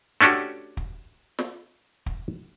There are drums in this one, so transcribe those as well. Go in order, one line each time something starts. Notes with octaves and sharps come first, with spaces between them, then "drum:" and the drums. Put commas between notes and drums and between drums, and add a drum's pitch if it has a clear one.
A3 C#4 D4 F#4 G4
drum: kick
drum: snare
drum: kick